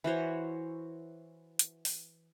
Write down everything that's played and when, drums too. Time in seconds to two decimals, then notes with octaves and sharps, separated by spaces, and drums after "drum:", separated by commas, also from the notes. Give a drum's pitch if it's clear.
0.04 E3 F#4 C5 C#5
1.59 drum: hi-hat
1.85 drum: open hi-hat